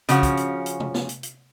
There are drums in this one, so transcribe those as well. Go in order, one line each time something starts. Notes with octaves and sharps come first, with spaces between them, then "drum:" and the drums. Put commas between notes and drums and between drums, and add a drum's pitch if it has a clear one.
C#3 F3 C#4 F#4, drum: hi-hat
drum: kick, hi-hat
drum: hi-hat
drum: hi-hat
drum: tom
drum: snare
drum: hi-hat
drum: hi-hat